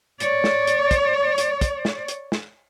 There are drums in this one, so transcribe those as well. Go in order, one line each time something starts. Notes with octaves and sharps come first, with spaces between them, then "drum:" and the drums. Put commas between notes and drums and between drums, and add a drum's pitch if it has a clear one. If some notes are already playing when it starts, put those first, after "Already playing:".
C#5 D5, drum: hi-hat
drum: snare
drum: hi-hat
drum: kick, hi-hat
drum: hi-hat
drum: kick, hi-hat
drum: snare
drum: hi-hat
drum: snare